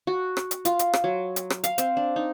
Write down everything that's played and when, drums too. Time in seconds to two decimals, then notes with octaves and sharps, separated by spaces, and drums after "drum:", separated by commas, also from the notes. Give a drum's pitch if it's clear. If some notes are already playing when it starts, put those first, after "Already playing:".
0.07 F#4
0.37 drum: rim click
0.51 drum: hi-hat
0.65 F4, drum: hi-hat
0.79 drum: hi-hat
0.94 drum: rim click
1.04 F#3
1.36 drum: hi-hat
1.50 drum: rim click
1.64 F5, drum: hi-hat
1.78 C4, drum: hi-hat
1.97 D4
2.16 D#4